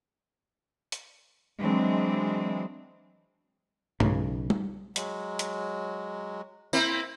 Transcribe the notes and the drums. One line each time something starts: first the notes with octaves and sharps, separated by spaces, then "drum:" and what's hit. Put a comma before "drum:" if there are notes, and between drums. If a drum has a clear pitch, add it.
drum: hi-hat
E3 F#3 G#3 C4 D4
B1 C#3, drum: tom G2
drum: tom G3
F#3 G#3, drum: hi-hat
drum: hi-hat
A#3 C4 E4, drum: tambourine